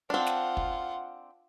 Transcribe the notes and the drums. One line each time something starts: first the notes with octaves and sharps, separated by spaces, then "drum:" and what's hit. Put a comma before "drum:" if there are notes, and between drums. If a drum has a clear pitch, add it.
C4 D4 F4 F#5
drum: snare
drum: kick